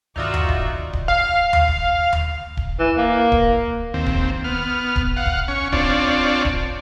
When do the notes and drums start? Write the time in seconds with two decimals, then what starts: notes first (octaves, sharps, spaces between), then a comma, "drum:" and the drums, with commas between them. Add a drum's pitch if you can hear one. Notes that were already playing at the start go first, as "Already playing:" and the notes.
0.16 C#2 G2 D#3 D#4 F4 F#4 D5 E5
0.34 drum: tom D#2
0.49 drum: kick D1
0.93 drum: kick D1
1.08 F5
1.53 drum: tom D#2
1.68 drum: kick D1
2.13 drum: tom D#2
2.57 drum: kick D1
2.80 E3
2.97 A#3
3.32 drum: kick D1
3.94 D#2 C4
4.06 drum: kick D1
4.44 B3 F6
4.96 drum: kick D1
5.17 F5 F#5
5.26 drum: kick D1
5.48 C#4 C#6
5.72 C4 D4 F4 C#5 D5, drum: kick D1
6.45 drum: kick D1